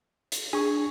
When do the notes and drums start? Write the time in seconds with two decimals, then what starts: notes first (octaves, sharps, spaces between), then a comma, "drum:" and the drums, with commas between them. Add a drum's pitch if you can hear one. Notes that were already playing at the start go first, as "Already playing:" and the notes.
0.32 drum: hi-hat
0.53 D4 G#4 C#6